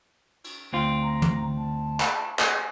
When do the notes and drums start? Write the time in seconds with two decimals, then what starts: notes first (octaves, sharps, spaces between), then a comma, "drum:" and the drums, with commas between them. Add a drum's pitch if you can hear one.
0.44 drum: cymbal
0.73 D2 C4 F4
1.03 A#5
1.22 drum: tom
1.58 A5
2.00 drum: clap
2.39 G#5, drum: clap